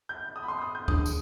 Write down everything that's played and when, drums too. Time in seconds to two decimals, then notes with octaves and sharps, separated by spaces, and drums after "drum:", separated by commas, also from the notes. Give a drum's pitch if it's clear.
0.09 G6
0.36 D#6
0.43 B5
0.48 C6
0.62 D#6
0.75 G6
0.88 D#2 D3 G#3 D4 D#6, drum: kick D2
1.06 drum: tambourine